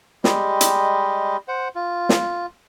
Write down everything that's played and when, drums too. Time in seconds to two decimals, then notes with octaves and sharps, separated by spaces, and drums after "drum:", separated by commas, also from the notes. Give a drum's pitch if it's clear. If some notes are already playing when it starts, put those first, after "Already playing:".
0.24 G3 G#3 G4 D#5, drum: snare
0.61 drum: hi-hat
1.48 C5 F#5
1.75 F4
2.09 drum: snare